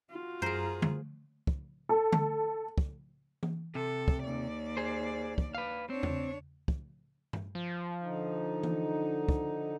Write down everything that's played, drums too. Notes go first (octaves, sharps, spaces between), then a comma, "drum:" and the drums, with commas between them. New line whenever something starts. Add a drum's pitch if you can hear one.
F4 F#4
F#2 G#4 A#4 C5 A#5
drum: tom D3
drum: kick
A4
drum: tom D3
drum: kick
drum: tom E3
C3 A4
drum: kick
D#2 D5
G#4 C5
drum: kick
B4 F5
C4 D4 C#5
drum: tom E2
drum: kick
drum: tom G2
F3
D3 D#4
drum: tom E3
drum: kick